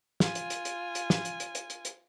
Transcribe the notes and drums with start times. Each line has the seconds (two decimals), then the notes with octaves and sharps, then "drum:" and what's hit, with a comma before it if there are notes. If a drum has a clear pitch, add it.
0.20 F4 G#5, drum: snare
0.35 drum: hi-hat
0.50 drum: hi-hat
0.65 drum: hi-hat
0.95 drum: hi-hat
1.10 drum: snare
1.25 drum: hi-hat
1.40 drum: hi-hat
1.55 drum: hi-hat
1.70 drum: hi-hat
1.85 drum: hi-hat